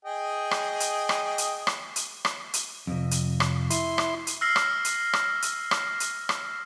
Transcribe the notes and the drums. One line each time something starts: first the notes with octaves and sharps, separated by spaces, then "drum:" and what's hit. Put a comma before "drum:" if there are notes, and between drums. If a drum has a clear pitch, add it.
G#4 D#5 G5
drum: rim click
drum: hi-hat
drum: rim click
drum: hi-hat
drum: rim click
drum: hi-hat
drum: rim click
drum: hi-hat
F2 C3
drum: hi-hat
drum: rim click
E4 C6, drum: hi-hat
drum: rim click
drum: hi-hat
E6 F6 A#6 C7 F#7
drum: rim click
drum: hi-hat
drum: rim click
drum: hi-hat
drum: rim click
drum: hi-hat
drum: rim click